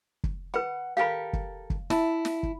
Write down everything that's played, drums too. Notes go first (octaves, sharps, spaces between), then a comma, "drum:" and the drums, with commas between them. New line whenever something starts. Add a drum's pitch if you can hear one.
drum: kick
B4 F#5 B5
G4 A4 A#4 F5 B5
drum: kick
drum: kick
E4 A5, drum: snare
drum: snare
drum: kick